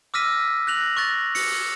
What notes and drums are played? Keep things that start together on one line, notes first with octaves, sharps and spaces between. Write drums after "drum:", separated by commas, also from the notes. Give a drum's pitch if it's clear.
D6 E6 F6 A#6 B6 D#7
F#6 A#6 F7 F#7
C#6 F#6 A6 A#6
C#7, drum: open hi-hat